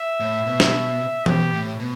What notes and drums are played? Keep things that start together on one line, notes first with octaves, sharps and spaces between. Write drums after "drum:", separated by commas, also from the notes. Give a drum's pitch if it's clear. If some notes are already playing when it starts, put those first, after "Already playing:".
Already playing: E5
A2
B2
drum: snare
B2 G4, drum: tom E3
A2
B2